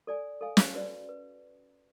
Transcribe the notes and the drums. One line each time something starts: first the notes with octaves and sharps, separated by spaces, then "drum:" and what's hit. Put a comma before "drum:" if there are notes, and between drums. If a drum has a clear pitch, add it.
A4 D5 G#5
A4 F5 G#5
drum: snare
C#4 F#4 B4 D5
B4